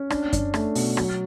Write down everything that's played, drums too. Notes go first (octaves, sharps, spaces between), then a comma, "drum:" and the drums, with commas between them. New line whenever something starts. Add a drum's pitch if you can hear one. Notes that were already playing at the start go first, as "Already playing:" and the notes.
Already playing: C#4
D4, drum: rim click
D4, drum: kick F#2, hi-hat
A3, drum: rim click
B2, drum: open hi-hat
F#3, drum: rim click